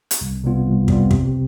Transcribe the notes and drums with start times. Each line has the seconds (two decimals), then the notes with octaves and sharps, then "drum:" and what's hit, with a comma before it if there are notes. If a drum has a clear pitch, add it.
0.11 drum: hi-hat
0.21 C2
0.44 C3 G3 B3 F4
0.67 C2
0.88 C3 G3 B3 F4, drum: kick
1.11 C3, drum: kick